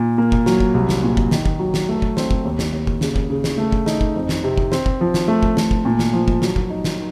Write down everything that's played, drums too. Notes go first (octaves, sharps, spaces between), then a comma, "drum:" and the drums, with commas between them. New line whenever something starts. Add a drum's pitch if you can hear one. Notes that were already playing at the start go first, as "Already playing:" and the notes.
Already playing: A#2
A#3
drum: kick
F#3, drum: snare
drum: kick
C2
drum: snare
A#2
drum: kick
D#3, drum: snare
drum: kick
F#3
drum: snare
A3
drum: kick
C4, drum: snare
drum: kick
D#2
drum: snare
D#2
drum: kick
C#3, drum: snare
drum: kick
C#3
drum: snare
A3
drum: kick
D#4, drum: snare
drum: kick
F2
drum: snare
C3
drum: kick
C4, drum: snare
drum: kick
F3
drum: snare
A3
drum: kick
A3, drum: snare
drum: kick
A#2
drum: snare
F3
drum: kick
F#3, drum: snare
drum: kick
D#4
drum: snare